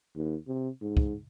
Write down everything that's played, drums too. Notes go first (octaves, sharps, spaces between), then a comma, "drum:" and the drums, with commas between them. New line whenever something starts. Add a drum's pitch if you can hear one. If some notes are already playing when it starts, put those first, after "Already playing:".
D#2
C3
G#2
drum: kick